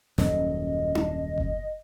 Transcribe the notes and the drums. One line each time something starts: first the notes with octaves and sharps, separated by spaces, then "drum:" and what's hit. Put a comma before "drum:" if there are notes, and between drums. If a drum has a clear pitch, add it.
D#1 F#2 F#3 D#5, drum: snare
drum: tom D4
drum: kick F#1